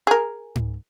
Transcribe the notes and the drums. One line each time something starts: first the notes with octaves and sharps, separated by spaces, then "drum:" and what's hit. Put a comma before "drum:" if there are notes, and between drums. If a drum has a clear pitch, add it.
G#4 A#4
drum: tom G#2